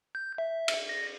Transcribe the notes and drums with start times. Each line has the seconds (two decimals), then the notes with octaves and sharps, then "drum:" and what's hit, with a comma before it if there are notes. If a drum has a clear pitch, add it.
0.15 G6
0.38 E5
0.68 drum: cymbal
0.89 A#6